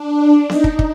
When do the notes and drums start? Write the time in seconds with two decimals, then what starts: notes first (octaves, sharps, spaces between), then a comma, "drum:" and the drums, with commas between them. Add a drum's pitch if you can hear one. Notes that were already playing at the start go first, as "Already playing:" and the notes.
Already playing: D4
0.50 D#4, drum: snare B3
0.64 drum: kick
0.79 drum: kick